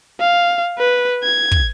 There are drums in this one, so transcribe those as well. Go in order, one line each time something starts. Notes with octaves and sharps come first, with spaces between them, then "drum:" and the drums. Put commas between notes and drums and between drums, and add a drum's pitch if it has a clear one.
F5
B4
G#6
drum: kick